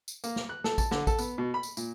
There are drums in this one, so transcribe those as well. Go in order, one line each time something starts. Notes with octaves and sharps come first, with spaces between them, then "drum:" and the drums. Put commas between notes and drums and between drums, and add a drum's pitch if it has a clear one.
drum: tambourine
A#3, drum: tambourine
drum: snare
F#6
A4, drum: snare
A5, drum: kick A1, tambourine
D3, drum: snare
A4, drum: kick A1, tambourine
B3, drum: tambourine
B2
B5
drum: tambourine
A#2, drum: tambourine